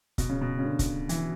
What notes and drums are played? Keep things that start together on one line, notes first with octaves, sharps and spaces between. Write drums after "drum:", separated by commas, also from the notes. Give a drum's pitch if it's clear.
B2, drum: kick C#1, hi-hat
C#3
B2
C#3
D3
drum: kick C#1, hi-hat
E3, drum: hi-hat